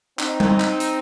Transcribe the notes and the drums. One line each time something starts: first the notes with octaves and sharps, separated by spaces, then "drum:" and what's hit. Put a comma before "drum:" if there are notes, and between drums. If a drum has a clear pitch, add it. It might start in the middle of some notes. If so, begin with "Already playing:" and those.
C4 D#4, drum: clap
drum: tom G3
drum: clap
drum: hi-hat